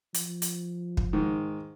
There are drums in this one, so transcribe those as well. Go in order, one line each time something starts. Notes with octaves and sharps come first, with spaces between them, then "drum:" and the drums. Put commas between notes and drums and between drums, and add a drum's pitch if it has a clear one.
F3, drum: hi-hat
drum: hi-hat
drum: kick
G#2 D#3